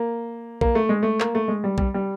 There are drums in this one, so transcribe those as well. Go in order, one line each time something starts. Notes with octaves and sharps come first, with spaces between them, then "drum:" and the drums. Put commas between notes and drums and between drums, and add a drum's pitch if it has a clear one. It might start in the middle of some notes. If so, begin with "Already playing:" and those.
Already playing: A#3
A#3, drum: kick
A3
G#3
A3
A#3, drum: clap
A3
G#3
G3
G3, drum: kick
G3